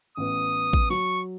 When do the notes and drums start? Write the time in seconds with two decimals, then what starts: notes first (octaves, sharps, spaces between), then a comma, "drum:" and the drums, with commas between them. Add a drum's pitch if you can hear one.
0.17 A1 B3 D#6
0.73 drum: kick A1
0.90 F#3 C#6, drum: open hi-hat